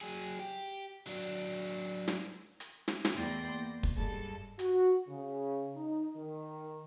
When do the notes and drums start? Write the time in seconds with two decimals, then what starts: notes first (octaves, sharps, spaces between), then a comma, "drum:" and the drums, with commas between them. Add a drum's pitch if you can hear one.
0.01 F#3 G#4
0.40 G4
1.07 F#3 D4
2.08 drum: snare
2.60 drum: hi-hat
2.88 drum: snare
3.05 drum: snare
3.14 E2 A3 D5 G5 C6 A#6
3.56 A#3
3.83 drum: kick
3.96 G2 G#3 A4 A5
4.59 F#4, drum: hi-hat
5.08 C#3
5.76 D#4
6.16 D#3